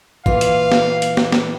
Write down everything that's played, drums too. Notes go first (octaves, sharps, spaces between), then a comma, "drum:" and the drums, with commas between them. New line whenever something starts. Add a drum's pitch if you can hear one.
A#2 E3 F4 F5, drum: kick
drum: hi-hat
drum: snare
drum: hi-hat
drum: snare
drum: snare